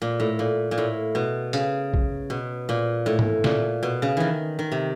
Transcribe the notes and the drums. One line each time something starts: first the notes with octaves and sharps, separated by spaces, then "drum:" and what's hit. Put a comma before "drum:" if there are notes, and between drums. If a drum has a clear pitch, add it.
A#2
A2
A#2
A#2
A2
B2
C#3, drum: hi-hat
drum: kick
B2
A#2
A2
drum: tom G#2
A#2, drum: snare
B2
C#3
D#3 E3
D#3
C3